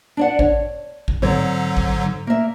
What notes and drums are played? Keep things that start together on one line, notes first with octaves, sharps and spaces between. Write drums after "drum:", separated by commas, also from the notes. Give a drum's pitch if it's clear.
D4 D5 F#5
C#5, drum: kick
drum: kick
G#2 D3 F#3 C4 C#5
drum: kick
A#3 E5